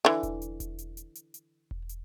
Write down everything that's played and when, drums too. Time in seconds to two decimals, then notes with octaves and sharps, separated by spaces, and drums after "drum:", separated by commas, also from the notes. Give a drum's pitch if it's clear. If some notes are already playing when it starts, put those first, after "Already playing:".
0.05 D3 E3
0.23 drum: kick E1, hi-hat
0.42 drum: hi-hat
0.60 drum: kick E1, hi-hat
0.79 drum: hi-hat
0.97 drum: hi-hat
1.15 drum: hi-hat
1.34 drum: hi-hat
1.71 drum: kick E1
1.89 drum: hi-hat